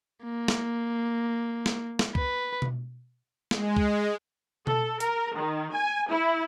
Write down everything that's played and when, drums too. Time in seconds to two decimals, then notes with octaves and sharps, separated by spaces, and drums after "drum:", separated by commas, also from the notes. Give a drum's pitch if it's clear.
0.24 A#3
0.48 drum: snare
1.66 drum: snare
1.99 drum: snare
2.15 B4, drum: kick
2.62 drum: tom B2
3.51 G#3, drum: snare
3.76 drum: kick
4.67 A4, drum: tom B2
5.00 A#4, drum: hi-hat
5.36 D#3
5.73 G#5
6.09 E4